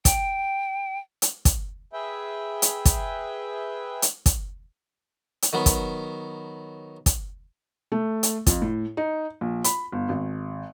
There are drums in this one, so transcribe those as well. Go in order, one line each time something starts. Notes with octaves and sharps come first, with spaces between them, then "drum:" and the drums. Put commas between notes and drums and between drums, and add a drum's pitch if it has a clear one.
G5, drum: kick, hi-hat
drum: hi-hat
drum: kick, hi-hat
G#4 B4 E5 G5
drum: hi-hat
drum: kick, hi-hat
drum: hi-hat
drum: kick, hi-hat
drum: hi-hat
D#3 F#3 B3
drum: kick, hi-hat
drum: kick, hi-hat
A3
drum: hi-hat
F2, drum: kick, hi-hat
A2
D#4
A#1
B5, drum: hi-hat
G1
G#1